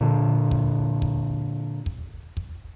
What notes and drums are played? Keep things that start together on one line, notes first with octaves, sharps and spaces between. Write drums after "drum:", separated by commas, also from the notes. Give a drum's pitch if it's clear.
A#2 D3
drum: kick
drum: kick
drum: kick
drum: kick